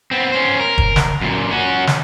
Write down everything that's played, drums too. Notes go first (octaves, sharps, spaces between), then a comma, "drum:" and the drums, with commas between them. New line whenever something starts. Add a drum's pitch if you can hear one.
B3 C4
C#4 C5
A#4
drum: kick
drum: snare
F#2 A#2
C#4 F#4
drum: snare